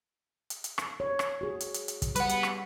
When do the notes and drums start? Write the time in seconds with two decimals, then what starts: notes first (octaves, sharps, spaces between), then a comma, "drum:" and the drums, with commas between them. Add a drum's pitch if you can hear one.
0.50 drum: hi-hat
0.64 drum: hi-hat
0.78 drum: rim click
1.00 C#5
1.19 drum: rim click
1.41 F#4 G#4
1.60 drum: hi-hat
1.74 drum: hi-hat
1.88 drum: hi-hat
2.02 drum: kick, hi-hat
2.16 G3 B4 F#5, drum: hi-hat
2.29 drum: hi-hat
2.43 drum: rim click